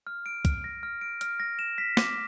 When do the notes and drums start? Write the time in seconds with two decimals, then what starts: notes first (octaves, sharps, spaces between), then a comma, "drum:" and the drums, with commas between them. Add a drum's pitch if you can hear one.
0.07 F6
0.26 D7
0.45 F6, drum: kick, hi-hat
0.64 A#6
0.83 F6
1.01 D7
1.21 F6, drum: hi-hat
1.40 A#6
1.59 E7
1.78 B6
1.97 D6, drum: snare